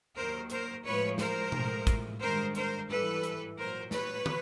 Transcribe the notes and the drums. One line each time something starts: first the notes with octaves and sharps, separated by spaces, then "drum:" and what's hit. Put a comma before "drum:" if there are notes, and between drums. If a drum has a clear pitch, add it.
D#2 D#3 F#3 A#4 C5
A#4 C5, drum: hi-hat
A2 F3 G#3 B4 C#5
A#4 C5, drum: snare
A2 F3 G#3, drum: tom B2
drum: kick, hi-hat
G2 D#3 G#3 A#4 C5
A#4 C5, drum: hi-hat
G#2 E3 G3 A4 B4
drum: hi-hat
A#2 F#3 A#4 C5
B4 C#5, drum: snare
drum: tom